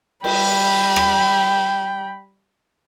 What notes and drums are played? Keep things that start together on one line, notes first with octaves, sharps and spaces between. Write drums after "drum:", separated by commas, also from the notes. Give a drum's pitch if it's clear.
G3 G5 B5, drum: cymbal
drum: rim click